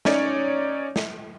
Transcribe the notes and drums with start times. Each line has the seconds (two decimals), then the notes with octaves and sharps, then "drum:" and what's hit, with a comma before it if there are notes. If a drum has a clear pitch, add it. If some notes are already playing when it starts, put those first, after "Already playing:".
0.05 C#4 D#4 C#5 D5, drum: snare
0.96 drum: snare